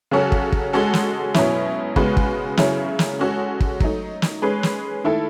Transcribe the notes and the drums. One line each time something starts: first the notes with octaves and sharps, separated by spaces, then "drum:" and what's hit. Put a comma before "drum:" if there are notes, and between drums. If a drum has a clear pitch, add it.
C#3 F#3 C#4 F#4 A4
drum: kick
drum: kick
G#3 C#4 F#4 A4
drum: snare
B2 F#3 C#4 E4, drum: snare
C#3 G#3 B3 F#4 B4, drum: kick
drum: kick
C#3 F#3 C#4 E4, drum: snare
drum: snare
G#3 C#4 F#4 A4
drum: kick
F#3 A3 D#4, drum: kick
drum: snare
G#3 C#4 G#4 B4
drum: snare
D#3 A3 E4 A4